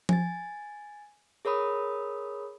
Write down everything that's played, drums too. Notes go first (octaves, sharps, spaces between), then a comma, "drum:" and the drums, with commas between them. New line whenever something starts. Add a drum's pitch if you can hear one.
G#5 A6, drum: tom F3
G#4 A#4 C#5 B5 D#6